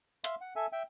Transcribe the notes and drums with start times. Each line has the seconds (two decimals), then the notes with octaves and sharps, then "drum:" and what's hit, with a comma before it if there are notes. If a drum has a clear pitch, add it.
0.24 E5 F5 C6, drum: hi-hat
0.41 F#5
0.56 A4 E5 G#5
0.72 E5 G5